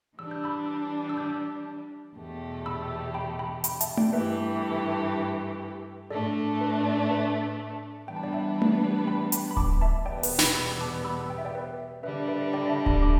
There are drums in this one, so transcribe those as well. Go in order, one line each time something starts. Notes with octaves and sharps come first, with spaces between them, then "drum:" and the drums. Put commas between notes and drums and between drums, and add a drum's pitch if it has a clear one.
E3 G3 D4 E6
G6
B5 E6
E6
D6 G6
E2 B2 A3 G4
B5 E6
G5 B5
G5 B5
G5 B5, drum: hi-hat
E5 A5, drum: hi-hat
D5 G5, drum: tom A3
G2 E3 A3 G4 B4 E5
A2 A3 D4 A4 D5
B4
B4 E5
E3 G3 B3 D4 B4 G5
A5
D5 G5
E5 A5
drum: tom A3
G5 B5
G5 B5, drum: hi-hat
B5
A5 D6, drum: kick D1
E5 A5
E2 B2 G3 B3 D5 G5
B4, drum: open hi-hat
G5 B5, drum: snare
B5 E6
A5 D6
B5 E6
G5
E5
D5 G5
B4 E5
D3 G3 D4 B4 E5
B4 E5
D5 G5
B5
E5 A5
E5 A5, drum: kick D1
A5 D6